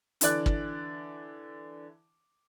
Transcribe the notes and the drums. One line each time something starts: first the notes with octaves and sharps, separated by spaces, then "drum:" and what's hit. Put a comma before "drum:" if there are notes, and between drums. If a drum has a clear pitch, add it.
D3 E3 D5 F#6, drum: hi-hat
drum: kick